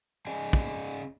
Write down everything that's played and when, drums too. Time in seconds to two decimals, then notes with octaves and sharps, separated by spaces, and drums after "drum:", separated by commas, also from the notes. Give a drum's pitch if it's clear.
0.27 C#4 G#4 D5 D#5 G#5
0.53 drum: kick